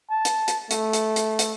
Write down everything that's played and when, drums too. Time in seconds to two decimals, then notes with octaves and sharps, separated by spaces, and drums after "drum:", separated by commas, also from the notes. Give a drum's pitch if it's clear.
0.10 A5
0.25 drum: hi-hat
0.48 drum: hi-hat
0.71 A3, drum: hi-hat
0.93 drum: hi-hat
1.16 drum: hi-hat
1.39 drum: hi-hat